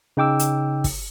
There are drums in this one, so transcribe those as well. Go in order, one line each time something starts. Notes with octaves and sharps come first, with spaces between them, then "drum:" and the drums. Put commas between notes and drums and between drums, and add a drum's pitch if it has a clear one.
C#3 D#4 G5 D6 E6
drum: hi-hat
drum: kick, open hi-hat